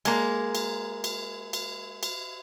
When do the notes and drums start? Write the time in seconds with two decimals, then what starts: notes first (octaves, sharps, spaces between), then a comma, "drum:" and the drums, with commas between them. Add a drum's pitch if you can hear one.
0.05 G#3 A#3, drum: cymbal
0.55 drum: cymbal
1.04 drum: cymbal
1.53 drum: cymbal
2.03 drum: cymbal